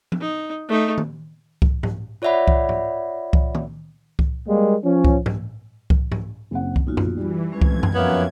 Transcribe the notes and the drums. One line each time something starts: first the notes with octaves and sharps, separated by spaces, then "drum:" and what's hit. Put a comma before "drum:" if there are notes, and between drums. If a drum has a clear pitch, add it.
drum: tom F3
D#4
A3 D#4
drum: tom D#3
drum: kick C2
drum: tom G#2
F4 C#5 D5 E5 F#5 B5
drum: kick C2
drum: tom G#2
drum: kick C2
drum: tom D#3
drum: kick C2
G3 G#3 A#3
F3 C#4
drum: kick C2
drum: tom G#2
drum: kick C2
drum: tom G#2
F#1 C4 F#5
drum: kick C2
B1 A#2 D#4 F4 F#4
drum: tom F#2
E3 G3
F2 G#3 C#4 B4 G#6
drum: kick C2
drum: tom F#2
F#2 A#3 B3 C#5 E5